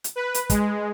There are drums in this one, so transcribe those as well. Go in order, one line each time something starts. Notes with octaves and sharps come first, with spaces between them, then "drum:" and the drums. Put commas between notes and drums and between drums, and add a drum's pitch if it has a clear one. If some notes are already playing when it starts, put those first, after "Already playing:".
drum: hi-hat
B4
drum: hi-hat
G#3, drum: kick, hi-hat